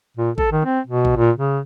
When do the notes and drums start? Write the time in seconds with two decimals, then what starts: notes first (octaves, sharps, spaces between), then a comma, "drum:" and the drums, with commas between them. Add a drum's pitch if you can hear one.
0.17 A#2
0.38 A4, drum: kick G#1
0.52 D#3
0.65 C4
0.87 B2
1.05 drum: kick G#1
1.17 A#2
1.36 C#3